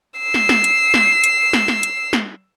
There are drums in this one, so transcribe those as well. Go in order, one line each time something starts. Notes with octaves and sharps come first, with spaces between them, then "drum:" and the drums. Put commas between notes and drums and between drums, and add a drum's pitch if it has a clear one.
E6 C7
drum: snare
drum: snare
drum: hi-hat
drum: snare
drum: hi-hat
drum: snare
drum: snare
drum: hi-hat
drum: snare